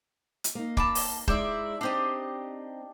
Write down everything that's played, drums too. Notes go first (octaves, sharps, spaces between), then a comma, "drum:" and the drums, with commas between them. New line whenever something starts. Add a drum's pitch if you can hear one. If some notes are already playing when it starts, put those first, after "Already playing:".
drum: hi-hat
A#3 D#4
A5 B5 D6, drum: kick
drum: open hi-hat
G#3 D#4 E4 C5 D5 E5, drum: kick
C4 D4 D#4 G4 D#5